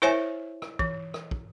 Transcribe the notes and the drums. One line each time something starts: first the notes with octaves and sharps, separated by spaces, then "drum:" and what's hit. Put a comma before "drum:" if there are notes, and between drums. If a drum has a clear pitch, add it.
E4 A#4 C5 C#5 E5 G#5
drum: rim click
E3, drum: kick
drum: rim click
drum: kick